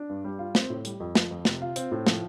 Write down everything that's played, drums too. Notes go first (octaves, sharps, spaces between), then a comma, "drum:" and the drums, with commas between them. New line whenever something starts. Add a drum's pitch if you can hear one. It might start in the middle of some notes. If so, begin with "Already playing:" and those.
Already playing: D4
G2
G3
F4
C4, drum: snare
A2
G3, drum: hi-hat
F2
F3, drum: snare
F2
C3, drum: snare
F4
C4, drum: hi-hat
A2
F3, drum: snare